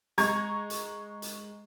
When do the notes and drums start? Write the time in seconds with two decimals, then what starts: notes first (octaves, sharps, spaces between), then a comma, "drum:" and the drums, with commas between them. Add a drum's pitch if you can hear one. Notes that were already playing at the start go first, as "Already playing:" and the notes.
0.18 G#3 A#5 C#6 G#6, drum: hi-hat
0.70 drum: hi-hat
1.22 drum: hi-hat